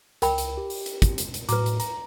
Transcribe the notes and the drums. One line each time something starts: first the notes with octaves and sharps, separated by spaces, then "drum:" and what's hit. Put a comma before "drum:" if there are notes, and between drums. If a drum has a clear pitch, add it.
C#2 A#4 G5 B5, drum: hi-hat
drum: hi-hat
G4
drum: open hi-hat
drum: hi-hat
drum: kick, hi-hat
drum: hi-hat
drum: hi-hat
A2 F#4 B4 A#5 D6, drum: hi-hat
drum: hi-hat
A#5, drum: hi-hat